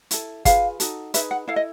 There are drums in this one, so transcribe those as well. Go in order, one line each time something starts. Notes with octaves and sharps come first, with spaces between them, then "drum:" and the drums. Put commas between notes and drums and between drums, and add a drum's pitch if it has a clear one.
E4 A4, drum: hi-hat
F4 G#4 B4 F5, drum: kick G1, hi-hat
D#4 F#4 A4, drum: hi-hat
D#4 G#4 B4 E5, drum: hi-hat
F#5
E4 A4 F5
D#5